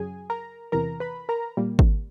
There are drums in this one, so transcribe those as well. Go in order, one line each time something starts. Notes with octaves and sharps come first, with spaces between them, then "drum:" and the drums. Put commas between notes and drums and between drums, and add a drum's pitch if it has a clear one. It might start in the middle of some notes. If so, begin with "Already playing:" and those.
Already playing: F#2 C#3 F#3 G#4 G#5
A#4 A#5
E2 C3 E3 A#4 A#5
B4 B5
A#4 A#5
A#2 G3 A#3
drum: kick G#1